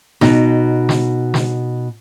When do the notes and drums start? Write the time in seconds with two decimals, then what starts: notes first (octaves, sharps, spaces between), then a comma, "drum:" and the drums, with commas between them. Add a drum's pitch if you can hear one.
0.21 B2 D#4, drum: snare
0.89 drum: snare
1.34 drum: snare